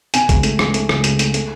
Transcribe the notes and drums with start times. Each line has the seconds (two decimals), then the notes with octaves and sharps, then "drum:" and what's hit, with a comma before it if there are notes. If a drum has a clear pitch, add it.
0.14 B2 G#5, drum: hi-hat
0.29 C#2, drum: kick, hi-hat
0.43 A3, drum: hi-hat
0.59 C#2, drum: rim click
0.74 A3, drum: hi-hat
0.89 C#2, drum: rim click
1.04 C#2, drum: hi-hat
1.19 A3, drum: hi-hat
1.34 A3, drum: hi-hat